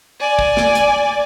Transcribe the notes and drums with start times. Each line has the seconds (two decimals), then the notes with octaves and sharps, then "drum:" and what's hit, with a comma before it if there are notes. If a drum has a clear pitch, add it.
0.20 D5 G#5
0.39 drum: kick
0.57 drum: snare
0.75 drum: hi-hat